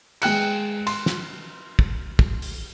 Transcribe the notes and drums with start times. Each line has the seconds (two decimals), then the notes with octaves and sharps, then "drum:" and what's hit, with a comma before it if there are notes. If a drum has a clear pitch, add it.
0.22 G#3 G5 F#6 C#7, drum: cymbal
0.87 C6, drum: cymbal
1.06 drum: snare
1.79 drum: kick
2.19 drum: kick
2.42 drum: open hi-hat